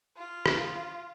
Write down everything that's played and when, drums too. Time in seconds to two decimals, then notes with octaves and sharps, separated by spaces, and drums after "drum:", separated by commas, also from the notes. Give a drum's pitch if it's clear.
0.17 F4
0.46 drum: rim click